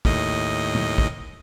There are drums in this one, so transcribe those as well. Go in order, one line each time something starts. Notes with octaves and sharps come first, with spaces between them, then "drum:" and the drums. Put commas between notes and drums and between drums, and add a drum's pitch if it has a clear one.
D#2 A2 D#5, drum: kick
drum: tom A#2
drum: kick